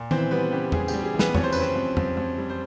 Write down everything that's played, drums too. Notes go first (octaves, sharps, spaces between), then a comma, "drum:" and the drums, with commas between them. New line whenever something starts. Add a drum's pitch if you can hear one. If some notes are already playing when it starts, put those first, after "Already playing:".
Already playing: A#2
E3 C4 C5, drum: tom D#3
G3 B3 B4
C#3 G4
G3 G#4, drum: tom E2
G4, drum: tambourine
G3
G#4
E3
B3 B4, drum: snare
F2 C#5, drum: tom E2
C5
C#3 B4, drum: tambourine
C4 C5
F2
F2, drum: tom E2
F2
G3
C5